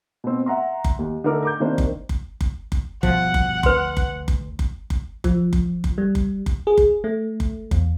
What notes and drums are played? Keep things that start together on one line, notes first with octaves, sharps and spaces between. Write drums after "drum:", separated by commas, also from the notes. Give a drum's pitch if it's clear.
B2 C4
E5 F#5 A#5 C6
drum: kick F#1
D#2
D3 A3 D#4 A#4 D6
A#5 D6 G6
C3 D#3 A#3 D4 C5
drum: kick F#1
drum: kick F#1
drum: kick F#1
drum: kick F#1
G2 B2 F3 F#5, drum: kick F#1
drum: kick F#1
D2 B4 C6, drum: kick F#1
drum: kick F#1
drum: kick F#1
drum: kick F#1
drum: kick F#1
F3, drum: kick F#1
drum: kick F#1
drum: kick F#1
G3
drum: kick F#1
drum: kick F#1
G#4
drum: kick F#1
A3
drum: kick F#1
E2, drum: kick F#1